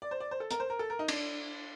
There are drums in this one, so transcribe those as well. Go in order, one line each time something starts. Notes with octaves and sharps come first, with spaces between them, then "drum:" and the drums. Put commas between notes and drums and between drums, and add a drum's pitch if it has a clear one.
D5
C5
D5
C5
A4
A#4, drum: hi-hat
C5
A#4
A4
A#4
D#4
D4, drum: cymbal